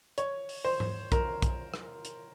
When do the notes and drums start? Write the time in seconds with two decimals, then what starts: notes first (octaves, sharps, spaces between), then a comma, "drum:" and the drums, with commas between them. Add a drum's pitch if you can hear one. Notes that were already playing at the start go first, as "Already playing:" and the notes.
0.18 C#5, drum: hi-hat
0.49 drum: open hi-hat
0.65 C5
0.80 drum: tom G#2
1.12 A#4, drum: kick, hi-hat
1.42 drum: kick, hi-hat
1.74 drum: rim click
2.05 drum: hi-hat